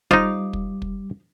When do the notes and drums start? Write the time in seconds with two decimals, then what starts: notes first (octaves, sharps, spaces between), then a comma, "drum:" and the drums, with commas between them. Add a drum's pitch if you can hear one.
0.11 G3 D#4 F4 C5 D#5 F5 D6, drum: kick
0.53 drum: kick
0.82 drum: kick